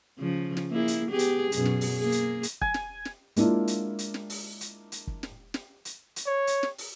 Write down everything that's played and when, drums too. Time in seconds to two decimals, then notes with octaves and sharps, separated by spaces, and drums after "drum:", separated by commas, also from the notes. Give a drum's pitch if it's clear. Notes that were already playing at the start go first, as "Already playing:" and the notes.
0.18 C#3 F3
0.57 drum: snare
0.70 A#3 E4 G#4
0.88 drum: hi-hat
1.09 B3 G4 G#4
1.19 drum: hi-hat
1.52 F#2 B2 G#4, drum: hi-hat
1.65 drum: snare
1.81 drum: open hi-hat
1.98 A#3 G#4
2.12 drum: hi-hat
2.43 drum: hi-hat
2.61 G#5, drum: kick
2.74 drum: snare
3.05 drum: snare
3.36 G#3 A#3 D4 E4 F4, drum: hi-hat
3.67 drum: hi-hat
3.99 drum: hi-hat
4.14 drum: snare
4.30 drum: open hi-hat
4.61 drum: hi-hat
4.92 drum: hi-hat
5.07 drum: kick
5.23 drum: snare
5.54 drum: snare
5.85 drum: hi-hat
6.16 drum: hi-hat
6.27 C#5
6.47 drum: hi-hat
6.63 drum: snare
6.78 drum: open hi-hat